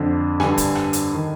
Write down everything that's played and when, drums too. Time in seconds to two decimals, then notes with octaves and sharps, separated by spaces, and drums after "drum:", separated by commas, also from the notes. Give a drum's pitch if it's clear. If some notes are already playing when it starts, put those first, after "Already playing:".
Already playing: F2 D3
0.40 G2 D3 G#5, drum: rim click
0.58 drum: kick, hi-hat
0.75 drum: rim click
0.93 drum: hi-hat
1.15 D#3